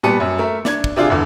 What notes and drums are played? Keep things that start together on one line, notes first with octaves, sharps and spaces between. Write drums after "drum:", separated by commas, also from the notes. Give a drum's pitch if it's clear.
A#2 G3 B3 A5 C#7 D#7
F#2
A3 A#4 E5
D4 G#6, drum: snare
drum: kick
C3 D4 F4 G#4
E1 E2 D3